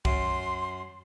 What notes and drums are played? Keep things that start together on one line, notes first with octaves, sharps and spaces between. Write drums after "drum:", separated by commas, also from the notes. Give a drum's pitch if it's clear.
F#2 C6, drum: kick C2